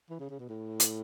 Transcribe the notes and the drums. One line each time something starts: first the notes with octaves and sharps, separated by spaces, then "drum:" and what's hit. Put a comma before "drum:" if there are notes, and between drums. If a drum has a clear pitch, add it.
E3
C#3
C#3
B2
A2
drum: hi-hat